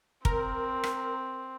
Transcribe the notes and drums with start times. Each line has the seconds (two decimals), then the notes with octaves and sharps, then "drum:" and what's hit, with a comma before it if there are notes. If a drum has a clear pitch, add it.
0.25 C4 A#4, drum: kick
0.84 drum: rim click